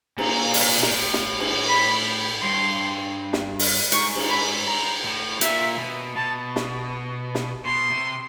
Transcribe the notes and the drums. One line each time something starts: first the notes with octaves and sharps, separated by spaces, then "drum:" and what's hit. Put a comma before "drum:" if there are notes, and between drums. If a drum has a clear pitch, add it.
A#2 A#5, drum: cymbal
C#3, drum: open hi-hat
C3
B2
A#2, drum: snare
A2
drum: snare
drum: cymbal
B5
G2 C6
drum: snare
drum: open hi-hat
G#2 C#6, drum: hi-hat
drum: cymbal
B5
A#5
A2
A#2 E5, drum: hi-hat
B2
B2 A5
drum: snare
drum: snare
B2 C6
C3